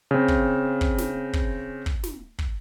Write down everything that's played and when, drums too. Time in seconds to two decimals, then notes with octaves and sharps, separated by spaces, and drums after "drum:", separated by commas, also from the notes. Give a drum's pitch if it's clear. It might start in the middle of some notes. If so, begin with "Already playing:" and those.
0.11 C#3 C4
0.28 drum: kick
0.81 drum: kick
0.98 drum: snare
1.33 drum: kick
1.86 drum: kick
2.03 drum: snare
2.39 drum: kick